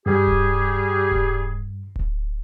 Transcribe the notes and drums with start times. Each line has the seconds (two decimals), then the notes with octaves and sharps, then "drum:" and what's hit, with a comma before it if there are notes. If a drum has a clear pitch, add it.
0.06 G2 G3 G4 G#4
0.27 drum: kick D1
1.11 drum: kick D1
1.96 drum: kick D1